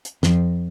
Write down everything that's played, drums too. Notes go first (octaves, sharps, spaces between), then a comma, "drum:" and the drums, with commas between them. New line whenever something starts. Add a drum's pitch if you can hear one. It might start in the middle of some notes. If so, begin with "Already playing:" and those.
drum: hi-hat
F2, drum: snare